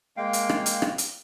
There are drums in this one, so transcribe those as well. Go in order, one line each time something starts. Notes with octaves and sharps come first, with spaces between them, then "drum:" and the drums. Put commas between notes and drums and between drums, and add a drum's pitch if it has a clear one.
G#3 A#3 F5 G5
drum: hi-hat
drum: rim click
drum: hi-hat
drum: rim click
drum: hi-hat